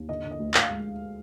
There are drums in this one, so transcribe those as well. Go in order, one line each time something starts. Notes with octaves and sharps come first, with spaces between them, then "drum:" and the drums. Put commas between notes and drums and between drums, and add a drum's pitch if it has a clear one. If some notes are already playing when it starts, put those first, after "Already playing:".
Already playing: D#2
D3 D#5
D3
D#5
D2
D2 F5, drum: clap
G#3